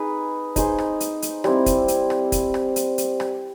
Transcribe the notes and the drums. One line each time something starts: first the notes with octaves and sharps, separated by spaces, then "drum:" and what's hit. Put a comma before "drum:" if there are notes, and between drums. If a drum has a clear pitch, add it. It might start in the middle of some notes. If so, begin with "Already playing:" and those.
Already playing: D#4 G#4 B4
D#4 G#4 C5 D#5, drum: kick, hi-hat
drum: rim click
drum: hi-hat
drum: hi-hat
G3 C4 E4, drum: rim click
drum: kick, hi-hat
drum: hi-hat
drum: rim click
drum: kick, hi-hat
drum: rim click
drum: hi-hat
drum: hi-hat
drum: rim click